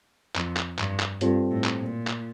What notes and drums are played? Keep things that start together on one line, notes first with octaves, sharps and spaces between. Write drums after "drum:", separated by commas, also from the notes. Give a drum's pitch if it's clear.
F2, drum: clap
drum: clap
G2, drum: clap
drum: clap
G2 G3 C4 F4 A4, drum: hi-hat
A2
drum: clap
A#2
drum: clap